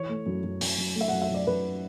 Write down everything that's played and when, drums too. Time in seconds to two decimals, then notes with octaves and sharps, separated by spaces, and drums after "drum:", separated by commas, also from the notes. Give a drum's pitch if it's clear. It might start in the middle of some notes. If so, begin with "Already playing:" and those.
Already playing: E3 C#5
0.09 A3
0.26 F#2
0.44 F#2
0.61 F#2, drum: open hi-hat
0.78 F#2
0.95 A3
1.01 E5
1.08 F#5
1.13 F#2
1.22 E5
1.30 F#2 D5
1.47 F#2 B4